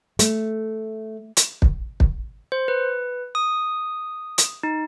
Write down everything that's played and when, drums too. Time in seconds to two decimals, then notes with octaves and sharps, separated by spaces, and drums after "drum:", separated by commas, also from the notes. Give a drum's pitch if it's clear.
0.19 A3, drum: hi-hat
1.37 drum: hi-hat
1.62 drum: kick
2.00 drum: kick
2.52 C5
2.68 B4
3.35 D#6
4.38 drum: hi-hat
4.63 D#4